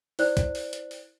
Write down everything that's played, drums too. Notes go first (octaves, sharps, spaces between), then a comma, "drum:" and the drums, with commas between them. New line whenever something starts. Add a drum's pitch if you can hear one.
E4 C5 D5 F#6, drum: open hi-hat
drum: kick, hi-hat
drum: open hi-hat
drum: hi-hat
drum: open hi-hat